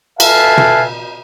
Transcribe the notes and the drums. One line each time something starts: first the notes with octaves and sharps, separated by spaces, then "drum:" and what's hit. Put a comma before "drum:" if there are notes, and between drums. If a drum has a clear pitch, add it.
A4 B4 E5 F5 G#5 A5, drum: cymbal
drum: tom